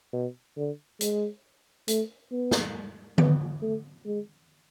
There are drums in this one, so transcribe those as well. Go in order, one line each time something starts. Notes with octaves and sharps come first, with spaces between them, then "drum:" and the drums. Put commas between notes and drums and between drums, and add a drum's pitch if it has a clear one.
B2
D3
G#3, drum: hi-hat
A3, drum: hi-hat
B3
drum: snare
B3, drum: tom D3
A3
G#3